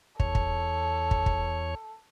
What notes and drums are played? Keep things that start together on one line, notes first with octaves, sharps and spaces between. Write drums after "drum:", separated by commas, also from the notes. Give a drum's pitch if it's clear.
E2 A4 C#5, drum: kick
drum: kick
drum: kick
drum: kick